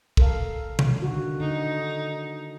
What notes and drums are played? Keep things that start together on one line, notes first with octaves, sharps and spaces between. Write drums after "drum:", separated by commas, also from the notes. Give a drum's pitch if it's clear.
A4 A#4 F5, drum: kick
drum: tom B2
D3 D#3 F#4
D3 D#4